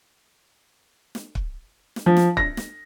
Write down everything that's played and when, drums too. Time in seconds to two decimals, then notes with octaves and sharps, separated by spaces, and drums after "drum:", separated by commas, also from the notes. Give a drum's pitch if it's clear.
1.15 drum: snare
1.35 drum: kick
1.96 drum: snare
2.06 F3
2.17 drum: snare
2.37 A#6, drum: kick
2.57 drum: snare